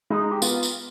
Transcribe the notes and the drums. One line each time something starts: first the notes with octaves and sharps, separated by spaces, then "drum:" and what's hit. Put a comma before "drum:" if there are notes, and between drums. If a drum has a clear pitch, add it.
G#3 D#4
G4
B3 F4, drum: tambourine
drum: tambourine